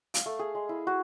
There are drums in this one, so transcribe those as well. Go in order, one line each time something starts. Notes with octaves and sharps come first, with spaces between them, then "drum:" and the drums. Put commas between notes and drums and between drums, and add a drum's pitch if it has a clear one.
F5, drum: hi-hat
A3
G#4
G#3
E4
F#4